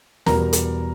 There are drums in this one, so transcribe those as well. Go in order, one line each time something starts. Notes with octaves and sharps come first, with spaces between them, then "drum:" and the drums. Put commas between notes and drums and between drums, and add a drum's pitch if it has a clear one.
E2 B2 G3 A#4 A#5, drum: snare
drum: hi-hat